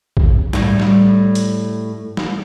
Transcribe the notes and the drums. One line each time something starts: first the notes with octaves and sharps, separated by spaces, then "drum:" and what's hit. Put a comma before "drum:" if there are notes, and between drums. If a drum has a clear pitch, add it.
drum: kick
A2 G3, drum: snare
drum: snare
drum: hi-hat
drum: snare